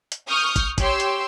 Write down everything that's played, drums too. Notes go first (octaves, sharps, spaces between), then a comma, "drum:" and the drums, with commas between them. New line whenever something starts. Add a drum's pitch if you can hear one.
drum: hi-hat
C#6 D#6 F6 G6
drum: kick, hi-hat
G4 C#5 G5 C6 E6, drum: kick, hi-hat
drum: hi-hat